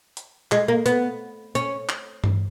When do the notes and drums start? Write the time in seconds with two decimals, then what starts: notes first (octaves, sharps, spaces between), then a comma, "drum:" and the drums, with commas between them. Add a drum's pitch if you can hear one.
0.17 drum: hi-hat
0.52 G#3, drum: clap
0.68 A#3
0.86 B3, drum: hi-hat
1.55 C#4, drum: hi-hat
1.89 drum: clap
2.24 drum: tom G2